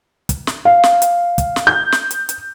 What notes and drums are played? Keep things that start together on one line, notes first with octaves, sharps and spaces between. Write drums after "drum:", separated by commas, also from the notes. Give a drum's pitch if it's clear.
drum: kick, hi-hat
drum: snare
F5
drum: snare
drum: hi-hat
drum: kick, hi-hat
drum: snare
G6
drum: snare
drum: hi-hat
drum: hi-hat